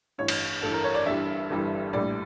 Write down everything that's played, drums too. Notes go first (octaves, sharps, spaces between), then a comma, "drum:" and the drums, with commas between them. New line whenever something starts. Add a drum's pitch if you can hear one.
A1 G2 E3 C#5
drum: cymbal
A1 G2 E3 A4
A#4
C#5
D5
G1 G2 E3 G3 E5
G1 G2 E3 G3
A#1 A2 G3 D5